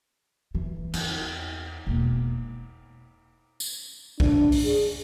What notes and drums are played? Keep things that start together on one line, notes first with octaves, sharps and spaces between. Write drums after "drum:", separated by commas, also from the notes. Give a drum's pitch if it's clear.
E3
E2, drum: cymbal
E1 A#3
drum: tambourine
D4, drum: kick A#1
drum: open hi-hat
G#4